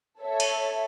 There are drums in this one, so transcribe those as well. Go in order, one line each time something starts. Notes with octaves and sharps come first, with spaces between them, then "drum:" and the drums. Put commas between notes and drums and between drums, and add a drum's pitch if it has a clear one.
A4 C#5 E5
drum: cymbal